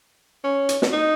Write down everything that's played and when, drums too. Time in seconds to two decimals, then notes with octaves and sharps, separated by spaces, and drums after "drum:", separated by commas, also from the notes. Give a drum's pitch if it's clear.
0.44 C#4
0.69 drum: hi-hat
0.82 drum: snare
0.92 D#4